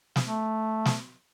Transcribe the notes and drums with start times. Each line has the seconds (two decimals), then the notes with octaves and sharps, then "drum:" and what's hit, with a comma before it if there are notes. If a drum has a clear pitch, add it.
0.16 drum: snare
0.25 A3
0.85 drum: snare